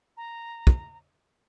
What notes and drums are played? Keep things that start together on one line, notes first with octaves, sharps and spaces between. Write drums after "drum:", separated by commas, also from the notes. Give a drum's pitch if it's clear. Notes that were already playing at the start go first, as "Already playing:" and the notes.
A#5
drum: kick